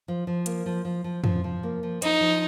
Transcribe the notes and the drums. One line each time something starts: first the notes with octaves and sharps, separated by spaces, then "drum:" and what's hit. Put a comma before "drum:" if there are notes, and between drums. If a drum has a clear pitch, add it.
F3
F3
A#3, drum: hi-hat
F3
F3
F3
F3, drum: tom F2
F3
A#3
F3
F3 D#4, drum: hi-hat
F3